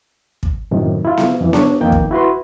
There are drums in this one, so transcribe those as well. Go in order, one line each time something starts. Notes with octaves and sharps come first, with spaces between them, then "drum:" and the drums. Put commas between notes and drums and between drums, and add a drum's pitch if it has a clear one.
drum: kick
F#2 A2 C3 D#3
E4 F4
drum: snare B3
F2 E3
D4 C#5, drum: snare B3
F2 D#3 A#3 G5
drum: kick
E4 F#4 B4 C6